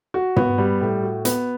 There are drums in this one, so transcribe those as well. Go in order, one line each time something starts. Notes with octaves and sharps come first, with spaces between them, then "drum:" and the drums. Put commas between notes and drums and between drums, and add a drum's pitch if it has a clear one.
F#4
B3, drum: tom
G3
A2
F#4
B3, drum: hi-hat